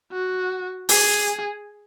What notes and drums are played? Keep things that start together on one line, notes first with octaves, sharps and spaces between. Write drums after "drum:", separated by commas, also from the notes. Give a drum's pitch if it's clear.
F#4
G#4, drum: open hi-hat